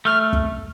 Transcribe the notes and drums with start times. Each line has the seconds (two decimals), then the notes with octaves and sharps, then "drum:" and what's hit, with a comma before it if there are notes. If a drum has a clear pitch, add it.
0.05 A3 F6
0.33 drum: kick